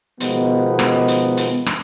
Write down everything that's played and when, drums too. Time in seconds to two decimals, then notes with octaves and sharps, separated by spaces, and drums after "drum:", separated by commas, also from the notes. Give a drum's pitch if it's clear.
0.20 B2 D#3 F3 G#3 B3, drum: hi-hat
0.79 drum: rim click
1.08 drum: hi-hat
1.37 drum: hi-hat
1.66 drum: rim click